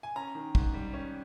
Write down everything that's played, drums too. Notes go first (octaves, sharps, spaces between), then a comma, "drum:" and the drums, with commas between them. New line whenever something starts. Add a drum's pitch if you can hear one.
G#5
C#4 A#5
D#3
G#2, drum: kick
G3
C#4